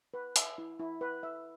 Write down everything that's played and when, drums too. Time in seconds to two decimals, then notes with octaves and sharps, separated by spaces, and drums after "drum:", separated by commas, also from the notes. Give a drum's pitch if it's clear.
0.14 B4
0.36 E5, drum: hi-hat
0.58 E4
0.80 E4
1.01 B4
1.23 E5